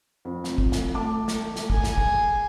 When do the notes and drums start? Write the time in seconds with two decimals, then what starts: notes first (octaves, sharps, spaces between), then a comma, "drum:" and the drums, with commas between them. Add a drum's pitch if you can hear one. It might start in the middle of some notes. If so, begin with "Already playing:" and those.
0.25 F2
0.44 drum: snare
0.58 drum: kick
0.72 drum: snare
0.94 A3 A5 D6
1.28 drum: snare
1.56 drum: snare
1.70 G#4 G#5, drum: kick
1.84 drum: snare
1.98 drum: kick